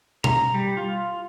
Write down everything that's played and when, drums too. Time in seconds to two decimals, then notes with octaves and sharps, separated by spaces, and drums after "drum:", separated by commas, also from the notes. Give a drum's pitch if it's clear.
0.24 A#5, drum: tom B2
0.54 G3
0.77 F4